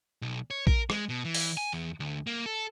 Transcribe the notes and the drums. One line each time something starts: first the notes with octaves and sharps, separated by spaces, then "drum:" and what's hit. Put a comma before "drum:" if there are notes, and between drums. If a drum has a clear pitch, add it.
B1
C#5
A#4, drum: kick A#1
G#3, drum: rim click
B2
E3
drum: open hi-hat
G#5
E2
D2
A#3
A4